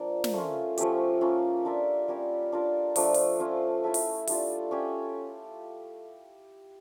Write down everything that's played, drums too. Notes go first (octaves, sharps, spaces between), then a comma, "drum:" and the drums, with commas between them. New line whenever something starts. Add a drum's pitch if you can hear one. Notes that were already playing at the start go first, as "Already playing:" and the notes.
Already playing: F3 A#3 D4
drum: snare
A3 C#4 F4
F3 A3 C#4 G4, drum: hi-hat
A#3 C#4 F4
D4 F4 A#4 E5
G3 C#4 G4 A#4
D4 F4 A#4
F3 A3 D4, drum: open hi-hat
drum: open hi-hat
F3 C#4 F4
A3 E4 A4 E5
drum: open hi-hat
G3 D4 F4, drum: open hi-hat
C#4 G4 C#5